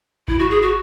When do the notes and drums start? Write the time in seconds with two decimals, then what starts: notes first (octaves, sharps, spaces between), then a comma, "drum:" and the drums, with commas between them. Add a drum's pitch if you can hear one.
0.28 E4, drum: kick G#1
0.39 F#4
0.50 G#4
0.62 F#4